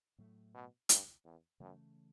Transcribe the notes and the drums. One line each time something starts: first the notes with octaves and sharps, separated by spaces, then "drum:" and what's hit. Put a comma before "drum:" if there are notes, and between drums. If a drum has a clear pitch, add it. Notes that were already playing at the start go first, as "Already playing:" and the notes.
A2 F#3 A3
B2
G2, drum: hi-hat
E2
F#2 C#3 E3 A3 C#4